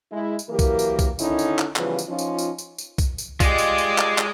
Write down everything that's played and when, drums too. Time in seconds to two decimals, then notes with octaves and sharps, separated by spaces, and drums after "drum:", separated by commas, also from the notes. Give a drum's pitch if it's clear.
0.12 G#3 E4
0.39 drum: tambourine
0.49 E3 F#3 A#3 G4 A#4
0.59 drum: kick B1, tambourine
0.79 drum: tambourine
0.99 drum: kick B1, tambourine
1.19 D3 D#3 C#4 D#4 E4, drum: tambourine
1.39 drum: tambourine
1.59 drum: clap
1.76 C#3 E3 F3 G3 B3 F4, drum: clap
1.99 drum: tambourine
2.08 F3 C#4 D#4 F4
2.19 drum: tambourine
2.39 drum: tambourine
2.58 drum: tambourine
2.78 drum: tambourine
2.98 drum: kick B1, tambourine
3.18 drum: tambourine
3.40 G#3 F4 G4 D5 D#5, drum: kick B1, tambourine
3.58 drum: tambourine
3.78 drum: tambourine
3.98 drum: clap
4.18 drum: clap